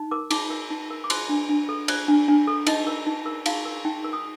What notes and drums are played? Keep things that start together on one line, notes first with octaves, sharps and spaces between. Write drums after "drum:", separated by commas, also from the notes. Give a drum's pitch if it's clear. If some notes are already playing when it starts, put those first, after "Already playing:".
Already playing: D#4
A#4 D6
D#4 D6, drum: cymbal
A#4
D#4
A#4
D6
C5 C6, drum: cymbal
D4
D4
A4
C5 D5, drum: cymbal
D4
D4
A4
D#4 D#5, drum: cymbal
A#4
D#4
A#4
D#4 F5, drum: cymbal
A#4
D#4 G5
A#4
D#6